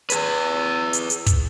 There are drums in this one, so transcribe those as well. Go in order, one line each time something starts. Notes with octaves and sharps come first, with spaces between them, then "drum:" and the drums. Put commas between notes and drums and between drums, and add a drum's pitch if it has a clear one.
G#4 B4, drum: hi-hat
drum: hi-hat
drum: hi-hat
drum: kick, hi-hat